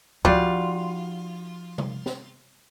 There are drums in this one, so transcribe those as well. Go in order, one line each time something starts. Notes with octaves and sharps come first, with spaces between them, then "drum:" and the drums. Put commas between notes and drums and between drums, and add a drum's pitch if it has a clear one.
F3 G3 D#4 F4 F#4 D5, drum: kick C#2
drum: tom C3
drum: snare